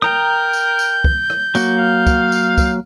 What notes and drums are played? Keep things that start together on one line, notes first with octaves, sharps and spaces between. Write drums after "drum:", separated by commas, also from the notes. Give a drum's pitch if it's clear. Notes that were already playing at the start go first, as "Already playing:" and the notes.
A#4 G5 A#5 D#6 G6, drum: rim click
drum: tambourine
drum: tambourine
drum: kick
drum: rim click
F#3 A#3 F#4, drum: tambourine
F5
drum: kick, tambourine
drum: tambourine
drum: kick, tambourine